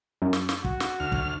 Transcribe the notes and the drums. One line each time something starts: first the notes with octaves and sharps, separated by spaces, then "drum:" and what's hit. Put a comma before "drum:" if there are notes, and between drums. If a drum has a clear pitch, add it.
F#2
drum: snare
drum: snare
F#4, drum: kick
drum: snare
D2 F6
drum: kick